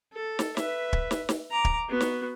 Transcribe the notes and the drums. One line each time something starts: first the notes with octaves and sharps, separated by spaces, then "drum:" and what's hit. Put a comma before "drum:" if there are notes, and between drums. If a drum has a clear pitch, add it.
A4
drum: snare
B4 E5, drum: snare
drum: kick
drum: snare
drum: snare
A#5 D6
drum: kick
B3 F#4
drum: snare